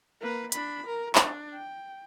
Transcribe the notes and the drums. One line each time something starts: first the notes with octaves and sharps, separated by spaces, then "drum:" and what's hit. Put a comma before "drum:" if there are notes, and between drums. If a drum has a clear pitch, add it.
A#3 B4
D4 B5, drum: hi-hat
A#4
D4, drum: clap
G5